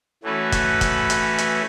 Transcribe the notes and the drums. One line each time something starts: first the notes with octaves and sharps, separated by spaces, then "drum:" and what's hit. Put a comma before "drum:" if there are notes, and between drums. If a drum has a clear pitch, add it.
E3 A3 C#4 F#4 B4
drum: kick, hi-hat
drum: kick, hi-hat
drum: hi-hat
drum: hi-hat